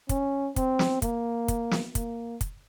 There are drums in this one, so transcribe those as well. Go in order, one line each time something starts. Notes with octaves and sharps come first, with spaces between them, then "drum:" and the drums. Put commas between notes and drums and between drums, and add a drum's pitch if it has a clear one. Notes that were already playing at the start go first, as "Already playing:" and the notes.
C#4, drum: kick, hi-hat
C4, drum: kick, hi-hat
drum: snare
A#3, drum: kick, hi-hat
drum: kick, hi-hat
drum: snare
A#3, drum: kick, hi-hat
drum: kick, hi-hat